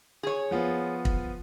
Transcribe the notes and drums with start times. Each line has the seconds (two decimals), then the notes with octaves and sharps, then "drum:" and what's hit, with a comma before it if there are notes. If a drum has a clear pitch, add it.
0.23 G#4 C#5
0.51 F3 B3 F4
1.05 drum: kick